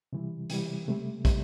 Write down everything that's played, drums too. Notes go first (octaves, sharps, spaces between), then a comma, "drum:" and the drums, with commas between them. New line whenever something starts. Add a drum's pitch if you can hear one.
C3 E3 G3
C3 E3 G3, drum: hi-hat
C3 G3 A3
C3 G3, drum: kick, hi-hat